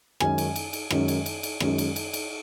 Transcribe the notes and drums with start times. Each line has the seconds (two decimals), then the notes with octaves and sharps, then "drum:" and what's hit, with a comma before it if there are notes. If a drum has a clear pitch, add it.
0.20 F#2 D#3 G#3 C#4 G#5, drum: rim click
0.38 drum: cymbal
0.56 drum: cymbal
0.73 drum: cymbal
0.90 F#2 D#3 G#3 C#4, drum: rim click
1.08 drum: cymbal
1.26 drum: cymbal
1.43 drum: cymbal
1.60 F#2 D#3 G#3 C#4, drum: rim click
1.78 drum: cymbal
1.96 drum: cymbal
2.13 drum: cymbal